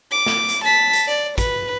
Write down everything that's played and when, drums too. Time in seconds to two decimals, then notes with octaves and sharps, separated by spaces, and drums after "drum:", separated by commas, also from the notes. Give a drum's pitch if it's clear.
0.11 D6
0.26 drum: snare
0.49 drum: hi-hat
0.64 A5 B6
0.93 drum: hi-hat
1.08 D5
1.38 B4, drum: kick, hi-hat